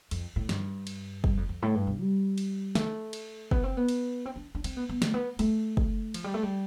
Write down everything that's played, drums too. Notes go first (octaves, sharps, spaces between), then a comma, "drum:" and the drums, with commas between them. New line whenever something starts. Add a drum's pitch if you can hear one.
F2, drum: cymbal
A2
G2, drum: snare
drum: cymbal
G2, drum: kick
F2
F2
A2
G2
B2
G3
drum: cymbal
A3, drum: snare
drum: cymbal
B3, drum: kick
C4
B3
drum: cymbal
C4
D4
D4
C4, drum: cymbal
B3
B3
A3, drum: snare
B3
A3, drum: cymbal
drum: kick
F3, drum: cymbal
G3
A3
G3